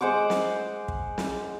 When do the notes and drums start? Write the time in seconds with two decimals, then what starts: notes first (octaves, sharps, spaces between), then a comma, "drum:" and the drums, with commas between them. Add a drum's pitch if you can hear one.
0.01 G#3 C5 F#5 D6
0.30 drum: snare
0.88 drum: kick
1.18 drum: snare